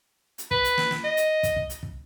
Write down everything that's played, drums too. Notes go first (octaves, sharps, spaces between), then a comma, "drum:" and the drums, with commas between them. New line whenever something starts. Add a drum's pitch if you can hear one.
drum: hi-hat
B4, drum: kick
drum: hi-hat
drum: snare
drum: snare
D#5
drum: hi-hat
drum: kick, hi-hat
drum: kick
drum: hi-hat
drum: kick